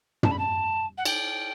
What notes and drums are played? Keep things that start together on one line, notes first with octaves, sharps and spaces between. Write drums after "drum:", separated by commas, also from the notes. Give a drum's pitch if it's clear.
A5, drum: tom
B5
A5
F#5
G5, drum: cymbal